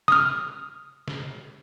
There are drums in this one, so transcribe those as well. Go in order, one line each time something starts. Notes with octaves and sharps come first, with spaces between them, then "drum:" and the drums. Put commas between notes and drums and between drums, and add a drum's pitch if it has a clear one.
D#6 F6, drum: snare
drum: snare